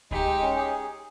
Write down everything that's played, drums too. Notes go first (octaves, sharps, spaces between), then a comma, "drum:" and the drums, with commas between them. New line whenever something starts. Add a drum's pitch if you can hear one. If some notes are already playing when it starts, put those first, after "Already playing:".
G#3 D#4 G4, drum: kick C#2
G#3
C#4
G#4